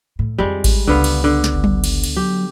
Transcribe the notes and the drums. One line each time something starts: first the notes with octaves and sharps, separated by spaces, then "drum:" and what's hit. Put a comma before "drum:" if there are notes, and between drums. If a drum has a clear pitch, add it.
A2
F2 D#3 G3 G#3
drum: kick G#1, cymbal
C#2 D3 B3 F5
drum: cymbal
D3
drum: snare
G1
drum: tom F#3
drum: cymbal
drum: cymbal
F#3 G4